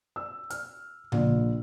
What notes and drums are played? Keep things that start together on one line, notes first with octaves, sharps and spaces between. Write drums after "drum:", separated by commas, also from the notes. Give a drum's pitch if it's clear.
E6
F6, drum: hi-hat
A#1, drum: tom C#3